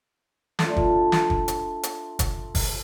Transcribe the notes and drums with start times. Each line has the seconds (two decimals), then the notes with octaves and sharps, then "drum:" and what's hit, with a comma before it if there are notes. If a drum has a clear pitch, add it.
0.59 A3 D4 F4, drum: snare
0.77 drum: kick
1.12 drum: snare
1.30 drum: kick
1.48 drum: hi-hat
1.83 drum: hi-hat
2.19 drum: kick, hi-hat
2.55 drum: kick, open hi-hat